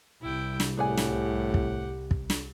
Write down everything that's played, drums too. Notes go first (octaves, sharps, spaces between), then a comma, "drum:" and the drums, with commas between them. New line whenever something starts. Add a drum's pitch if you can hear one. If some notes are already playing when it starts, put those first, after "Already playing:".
C2 E4 G5
drum: snare
A2 G4 G#4 D5 F#5 G#5
drum: snare
drum: kick
drum: kick
drum: snare